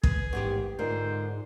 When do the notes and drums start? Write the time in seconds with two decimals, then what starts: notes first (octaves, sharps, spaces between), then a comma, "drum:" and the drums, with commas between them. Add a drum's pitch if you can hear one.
0.03 G#4 B4, drum: kick
0.33 A1 G#2 D#3 B3 G4
0.79 G#2 D3 D#4 F4 A#4 C5